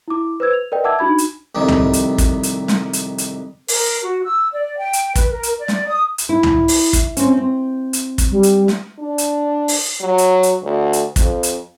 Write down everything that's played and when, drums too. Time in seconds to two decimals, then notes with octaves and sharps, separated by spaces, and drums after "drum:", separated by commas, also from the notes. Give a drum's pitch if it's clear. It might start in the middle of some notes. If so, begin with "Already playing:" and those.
0.08 E4 D6
0.40 B4 C5 E6 G#6
0.53 F7
0.72 A#4 B4 D5 D#5 G5
0.84 E5 F#5 A5 D6 E6 G#6
0.99 D4 D#4 F#4 B5 G#6
1.18 drum: hi-hat
1.55 C2 F2 D#3 G3
1.68 drum: tom
1.93 drum: hi-hat
2.18 drum: kick, hi-hat
2.43 drum: hi-hat
2.68 drum: snare
2.93 drum: hi-hat
3.18 drum: hi-hat
3.68 A#4, drum: open hi-hat
4.02 F#4
4.23 E6
4.52 D5
4.78 G5
4.93 drum: hi-hat
5.15 B4, drum: kick, hi-hat
5.30 A#4
5.43 drum: hi-hat
5.57 D5
5.68 drum: snare
5.87 D#6
6.18 drum: hi-hat
6.29 E4
6.43 drum: tom
6.68 drum: open hi-hat
6.93 drum: kick, hi-hat
7.17 C4 C#4, drum: hi-hat
7.37 C4
7.93 drum: hi-hat
8.18 drum: kick, hi-hat
8.31 G3
8.43 drum: hi-hat
8.68 drum: snare
8.99 D4
9.18 drum: hi-hat
9.68 drum: open hi-hat
10.01 F#3
10.18 drum: hi-hat
10.43 drum: hi-hat
10.63 D2
10.93 drum: hi-hat
11.16 F2, drum: kick, hi-hat
11.43 drum: hi-hat